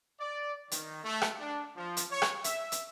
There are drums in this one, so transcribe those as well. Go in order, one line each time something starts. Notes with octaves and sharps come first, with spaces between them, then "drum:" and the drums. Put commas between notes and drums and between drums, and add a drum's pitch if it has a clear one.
D5
D#3, drum: hi-hat
A3
drum: rim click
D4
F3
drum: hi-hat
C#5
drum: rim click
E5, drum: hi-hat
drum: hi-hat